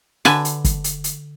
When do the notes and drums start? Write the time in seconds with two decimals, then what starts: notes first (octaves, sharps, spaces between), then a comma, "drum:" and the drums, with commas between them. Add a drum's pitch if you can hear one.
0.25 D3 B4 G#5 A5, drum: snare
0.45 drum: hi-hat
0.64 drum: kick, hi-hat
0.84 drum: hi-hat
1.04 drum: hi-hat